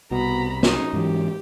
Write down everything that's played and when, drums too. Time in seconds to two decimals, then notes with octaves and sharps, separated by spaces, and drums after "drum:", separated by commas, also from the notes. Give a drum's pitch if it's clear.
0.11 C2 B2 A#5 B5
0.63 F#2 D#4 G#4, drum: snare
0.93 G#2 E3 G4